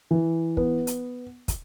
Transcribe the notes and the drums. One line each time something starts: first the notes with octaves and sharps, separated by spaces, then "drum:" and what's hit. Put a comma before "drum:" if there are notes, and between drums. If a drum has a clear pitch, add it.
E3
B3, drum: kick
drum: hi-hat
drum: kick, hi-hat